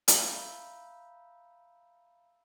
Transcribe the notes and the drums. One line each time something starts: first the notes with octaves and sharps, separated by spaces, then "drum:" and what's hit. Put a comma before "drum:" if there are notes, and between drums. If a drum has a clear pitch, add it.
E5 F5 A#5 B5 E6 G6, drum: hi-hat